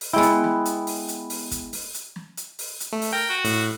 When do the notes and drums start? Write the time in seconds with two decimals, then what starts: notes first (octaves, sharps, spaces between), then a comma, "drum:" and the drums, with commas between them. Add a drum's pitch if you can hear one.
0.01 drum: open hi-hat
0.13 G#3 B3 E4 G5
0.23 drum: hi-hat
0.44 drum: snare
0.65 drum: hi-hat
0.87 drum: open hi-hat
1.08 drum: hi-hat
1.30 drum: open hi-hat
1.51 drum: kick, hi-hat
1.73 drum: open hi-hat
1.94 drum: hi-hat
2.16 drum: snare
2.37 drum: hi-hat
2.59 drum: open hi-hat
2.80 drum: hi-hat
2.93 A3
3.02 drum: open hi-hat
3.13 A#4 G5
3.30 F#4
3.45 A2, drum: open hi-hat